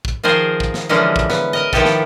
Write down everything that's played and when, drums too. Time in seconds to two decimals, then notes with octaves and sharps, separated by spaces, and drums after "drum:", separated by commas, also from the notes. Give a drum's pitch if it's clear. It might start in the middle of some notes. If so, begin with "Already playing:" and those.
0.05 drum: kick
0.23 D#3 F3 G#4 A#4 C5
0.60 drum: kick
0.74 drum: snare
0.89 D3 E3 F3 G#3 A#3 C#4
1.16 drum: kick
1.30 B3, drum: snare
1.53 A#4 D#5
1.73 D#3 F3 B3 E4 G4 A4, drum: kick
1.85 drum: snare